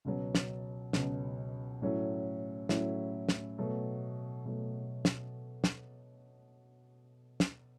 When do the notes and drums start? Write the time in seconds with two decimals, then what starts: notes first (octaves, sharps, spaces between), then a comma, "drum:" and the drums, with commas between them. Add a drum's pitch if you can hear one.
0.05 C#2 B2 F#3
0.35 drum: snare
0.93 C#2 B2 F#3, drum: snare
1.82 A2 F#3 C#4 E4
2.69 A2 F#3 C#4 E4, drum: snare
3.29 drum: snare
3.58 B2 F#3 A3
4.46 B2 F#3 A3
5.05 drum: snare
5.64 drum: snare
7.40 drum: snare